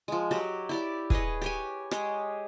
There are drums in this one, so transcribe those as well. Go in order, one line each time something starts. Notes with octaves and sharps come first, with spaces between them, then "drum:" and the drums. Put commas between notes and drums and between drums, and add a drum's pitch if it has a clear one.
F3 G#3
F#3 F#4 G4
E4 G4 D5
G#4 B4 C#5 D#5, drum: kick
G4 C#5 G#5
G#3 G4 G#4 C#5, drum: rim click